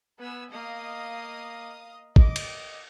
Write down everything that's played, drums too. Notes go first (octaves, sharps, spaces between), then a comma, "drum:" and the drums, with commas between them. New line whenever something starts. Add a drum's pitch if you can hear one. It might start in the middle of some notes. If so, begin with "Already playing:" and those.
B3 B4 G#5 E6
A#3 D#5 F5 D#6
D#5 D6, drum: kick
drum: cymbal